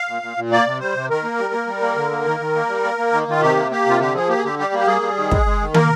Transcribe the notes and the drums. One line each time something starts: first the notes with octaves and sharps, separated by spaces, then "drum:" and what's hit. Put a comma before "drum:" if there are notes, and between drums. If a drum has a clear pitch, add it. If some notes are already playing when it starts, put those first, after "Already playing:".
Already playing: F5
A#2
A#2
A#2
A#3 D5
C3
G3 C5
C3
D#3 A#4
A#3
G3
A#3
G3
A#3
D3
A#3
D#3
D#3
A#3
G3
A#3
A#3
D#3
D#3 F4
C3 G4
A#3
A#3 G4
C3 F4
D3 G4
F3 G#4
A#3 G4
G#4
D3 G4
G3 G4
A#3
G4
G3 G#4
G3
D#3
G#3, drum: kick
G#3
D#3
A#3 A#4, drum: tom